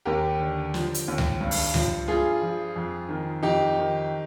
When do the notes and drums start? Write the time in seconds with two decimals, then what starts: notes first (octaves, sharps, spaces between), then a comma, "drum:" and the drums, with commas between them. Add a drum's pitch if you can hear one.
0.05 D#2 G4 A#4
0.40 D3
0.74 F3, drum: snare
0.94 drum: hi-hat
1.08 D#2
1.18 drum: tom C#2
1.41 G2
1.51 drum: open hi-hat
1.74 F3, drum: tom C#2
2.08 G2 F4 G#4
2.42 F3
2.76 F2
3.09 D#3
3.43 F2 D#4 G4
3.77 D#3